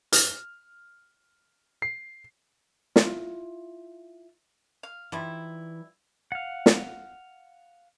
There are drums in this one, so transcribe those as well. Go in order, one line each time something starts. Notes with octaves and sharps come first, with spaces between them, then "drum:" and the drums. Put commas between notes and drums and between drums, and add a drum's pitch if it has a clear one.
F6, drum: hi-hat
C7
E4 F4, drum: snare
F5
E3 F3 G3 D#4 E4
F5 F#5
drum: snare